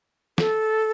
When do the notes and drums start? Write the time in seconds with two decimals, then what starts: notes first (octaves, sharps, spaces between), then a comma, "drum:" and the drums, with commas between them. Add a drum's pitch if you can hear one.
0.38 A4, drum: snare